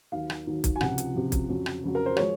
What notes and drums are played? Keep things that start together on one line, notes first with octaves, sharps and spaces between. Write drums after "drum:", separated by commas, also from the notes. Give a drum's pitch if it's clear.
D#2 D#3 F#3 F5
drum: rim click
D#2 D#3 F#3
drum: kick, hi-hat
G#5
C#2 C3 F3 F#5, drum: rim click
drum: hi-hat
C#2 C3 F3
drum: kick, hi-hat
F2 C#3 F#3
drum: rim click
F2 C#3 F#3
A#4
C5
F3 G#3 C#5, drum: rim click